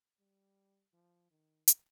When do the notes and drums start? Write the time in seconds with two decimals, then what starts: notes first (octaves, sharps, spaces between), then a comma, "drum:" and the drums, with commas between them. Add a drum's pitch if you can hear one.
0.20 G3
0.93 F3
1.30 D#3
1.68 drum: hi-hat